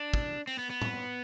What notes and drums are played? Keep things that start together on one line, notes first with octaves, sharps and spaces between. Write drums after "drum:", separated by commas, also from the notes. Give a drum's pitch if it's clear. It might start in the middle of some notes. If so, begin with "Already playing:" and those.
Already playing: D4
drum: kick
C4, drum: open hi-hat
B3
B3
drum: tom A2